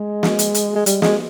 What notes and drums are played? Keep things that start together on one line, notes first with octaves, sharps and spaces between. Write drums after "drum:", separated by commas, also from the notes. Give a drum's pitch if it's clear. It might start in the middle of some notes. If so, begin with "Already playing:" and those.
Already playing: G#3
drum: snare
drum: hi-hat
drum: hi-hat
G#3
G3, drum: hi-hat
G#3, drum: snare